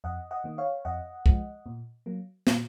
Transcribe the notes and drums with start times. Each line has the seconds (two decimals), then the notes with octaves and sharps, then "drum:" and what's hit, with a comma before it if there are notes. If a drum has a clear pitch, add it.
0.04 F2 D#5 F#5
0.31 D#5 F#5
0.44 D#3 A#3
0.58 C#5 F5
0.85 F2 D#5 F#5
1.26 F3 G#3, drum: kick
1.66 A#2
2.06 F#3 A#3
2.47 A#2, drum: snare